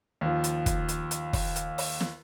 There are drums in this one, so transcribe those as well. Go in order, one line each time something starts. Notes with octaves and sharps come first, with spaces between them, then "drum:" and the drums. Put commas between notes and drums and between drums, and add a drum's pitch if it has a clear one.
D#2 F3
drum: hi-hat
drum: kick, hi-hat
drum: hi-hat
drum: hi-hat
drum: kick, open hi-hat
drum: hi-hat
drum: open hi-hat
drum: snare